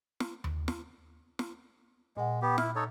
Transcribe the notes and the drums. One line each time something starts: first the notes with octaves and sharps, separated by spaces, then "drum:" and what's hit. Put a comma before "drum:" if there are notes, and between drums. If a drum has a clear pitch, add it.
drum: snare
drum: tom D#2
drum: snare
drum: snare
A#2 G#3 F#5
B3 G4
E4 F6, drum: snare
D#4 A4 C#5